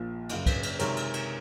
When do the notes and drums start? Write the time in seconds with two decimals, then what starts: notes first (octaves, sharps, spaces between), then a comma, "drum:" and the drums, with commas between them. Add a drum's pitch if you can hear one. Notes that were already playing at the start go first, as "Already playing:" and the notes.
Already playing: A#1 A#2 F3
0.29 F#1 F#2 C#3, drum: cymbal
0.46 drum: kick, cymbal
0.63 drum: cymbal
0.79 C3 D#3 G#3 A#4 C#5, drum: cymbal
0.97 drum: cymbal
1.14 drum: cymbal